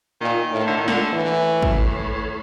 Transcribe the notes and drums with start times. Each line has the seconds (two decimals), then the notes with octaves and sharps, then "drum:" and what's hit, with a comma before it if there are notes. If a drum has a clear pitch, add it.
0.21 A#2 D#3
0.52 A2
0.67 D3
0.77 A#2 D#3
0.88 D3, drum: snare
1.13 A2 E3
1.62 drum: kick